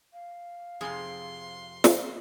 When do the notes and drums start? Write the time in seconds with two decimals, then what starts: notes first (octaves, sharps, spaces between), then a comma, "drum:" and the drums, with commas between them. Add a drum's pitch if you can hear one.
0.13 F5
0.81 F2 C3 G#4 C6
1.84 drum: snare